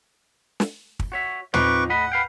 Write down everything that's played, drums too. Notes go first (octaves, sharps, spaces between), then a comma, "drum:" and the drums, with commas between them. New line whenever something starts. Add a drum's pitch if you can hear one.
drum: snare
drum: kick
F#4 C#5 E5
F3 C4 D#4 B4 C#6 D6, drum: tom
A2 D#5 F#5 B5
B4 F5 G5